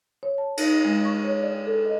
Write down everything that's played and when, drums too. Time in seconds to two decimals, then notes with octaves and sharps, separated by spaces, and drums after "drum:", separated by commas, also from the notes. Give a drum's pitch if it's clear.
0.23 C#5
0.38 A5
0.57 D#4, drum: cymbal
0.85 G#3
1.05 C#6
1.24 C#5
1.42 D5
1.66 A4
1.85 D#5